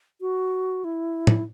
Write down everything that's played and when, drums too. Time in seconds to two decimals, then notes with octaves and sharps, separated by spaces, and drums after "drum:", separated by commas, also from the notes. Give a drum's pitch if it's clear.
0.21 F#4
0.84 E4
1.27 drum: tom